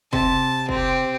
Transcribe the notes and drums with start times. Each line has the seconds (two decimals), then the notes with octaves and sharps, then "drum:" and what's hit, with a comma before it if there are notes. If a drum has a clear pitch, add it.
0.13 C3 A5, drum: kick
0.69 C4 G4, drum: kick